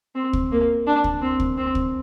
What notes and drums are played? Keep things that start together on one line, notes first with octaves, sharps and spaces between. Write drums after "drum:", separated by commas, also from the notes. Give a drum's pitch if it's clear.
C4
drum: kick
A#3
D4
drum: kick
C4
drum: kick
C4
drum: kick